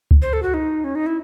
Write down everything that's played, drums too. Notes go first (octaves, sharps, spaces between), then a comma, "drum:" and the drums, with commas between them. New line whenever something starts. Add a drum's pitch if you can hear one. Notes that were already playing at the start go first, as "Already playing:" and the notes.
drum: kick
C5
A4
F#4
D#4
C#4
D#4
E4